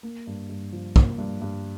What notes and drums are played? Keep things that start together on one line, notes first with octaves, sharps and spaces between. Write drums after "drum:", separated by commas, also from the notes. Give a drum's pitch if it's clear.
A#3
G2
G2
F3
A#3, drum: kick
G2
G2